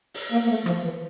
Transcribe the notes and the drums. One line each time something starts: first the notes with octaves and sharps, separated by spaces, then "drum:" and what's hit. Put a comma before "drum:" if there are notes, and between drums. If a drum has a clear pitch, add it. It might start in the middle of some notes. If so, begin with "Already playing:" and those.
drum: open hi-hat
A#3
A#3
A3
F3, drum: rim click
E3